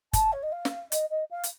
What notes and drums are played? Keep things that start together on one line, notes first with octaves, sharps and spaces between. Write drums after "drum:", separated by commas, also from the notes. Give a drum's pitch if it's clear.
A5, drum: kick, hi-hat
C#5
D#5
F5
drum: snare
D#5, drum: hi-hat
D#5
F5
drum: hi-hat